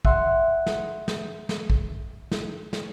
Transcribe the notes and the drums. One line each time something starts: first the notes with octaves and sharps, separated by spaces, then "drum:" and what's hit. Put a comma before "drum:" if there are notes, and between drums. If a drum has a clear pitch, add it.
E5 F#5 C6, drum: kick A1
drum: snare
drum: snare
drum: snare
drum: kick A1
drum: snare
drum: snare